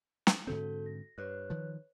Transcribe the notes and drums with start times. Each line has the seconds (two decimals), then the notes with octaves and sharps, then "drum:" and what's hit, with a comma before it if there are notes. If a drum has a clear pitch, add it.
0.27 drum: snare
0.47 G#2 D3 C4 F#4 A4 G6
0.86 A#6
1.18 G2 B4 C#5 F#6
1.50 D#3 F3